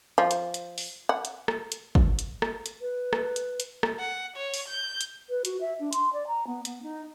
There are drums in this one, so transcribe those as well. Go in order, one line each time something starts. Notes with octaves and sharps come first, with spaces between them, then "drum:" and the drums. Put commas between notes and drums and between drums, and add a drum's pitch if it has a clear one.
F3
drum: hi-hat
drum: hi-hat
drum: open hi-hat
F#5
drum: hi-hat
drum: rim click
drum: hi-hat
drum: kick
drum: hi-hat
drum: rim click
drum: hi-hat
B4
drum: rim click
drum: hi-hat
drum: hi-hat
drum: rim click
F#5
C#5
drum: open hi-hat
G6
drum: hi-hat
B4
F#4, drum: hi-hat
E5
D4
C6, drum: hi-hat
D5
A#5
B3
B3, drum: hi-hat
D#4